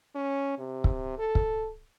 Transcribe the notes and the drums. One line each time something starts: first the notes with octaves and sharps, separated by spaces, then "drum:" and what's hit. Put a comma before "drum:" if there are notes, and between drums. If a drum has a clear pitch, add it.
C#4
C3
drum: kick
A4
drum: kick